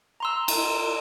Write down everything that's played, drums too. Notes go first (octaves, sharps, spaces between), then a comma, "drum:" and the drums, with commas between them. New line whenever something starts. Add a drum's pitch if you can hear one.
A#5 C6 E6
drum: cymbal